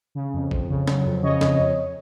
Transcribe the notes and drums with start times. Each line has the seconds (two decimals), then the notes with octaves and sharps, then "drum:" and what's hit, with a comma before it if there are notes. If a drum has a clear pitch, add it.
0.15 C#3
0.34 F2
0.51 F2, drum: kick G#1
0.69 C#3
0.88 F#3, drum: snare
1.05 F2
1.23 C#3 C#5 D#5
1.41 F2, drum: snare
1.59 F2